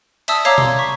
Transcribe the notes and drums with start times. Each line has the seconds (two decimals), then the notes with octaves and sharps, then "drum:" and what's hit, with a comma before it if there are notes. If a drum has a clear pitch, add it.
0.28 D5 E5 A5 D#6 E6, drum: cymbal
0.45 C#5 F5 A#5 D6 E6, drum: cymbal
0.58 C6, drum: tom B2
0.79 C#6 B6